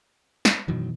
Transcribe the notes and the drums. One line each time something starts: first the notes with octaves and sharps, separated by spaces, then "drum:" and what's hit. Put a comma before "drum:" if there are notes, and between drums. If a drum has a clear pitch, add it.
drum: snare
F#2 B2 D#3 E3 F#3